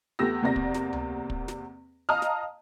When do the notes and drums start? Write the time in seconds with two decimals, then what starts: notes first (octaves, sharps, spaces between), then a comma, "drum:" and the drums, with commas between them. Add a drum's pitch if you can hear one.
0.19 E2 A3 B3 G4 E6 A#6
0.43 E2 C3 A#3 D5 A#6
0.56 drum: kick
0.74 drum: snare
0.93 drum: tom C#2
1.30 drum: kick
1.48 drum: snare
2.09 D#5 F5 A5 A#5 D#6 F6
2.22 drum: snare